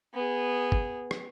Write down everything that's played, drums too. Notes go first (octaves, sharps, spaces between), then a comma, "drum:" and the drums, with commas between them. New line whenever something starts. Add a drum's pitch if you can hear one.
B3 G#4
drum: kick
drum: rim click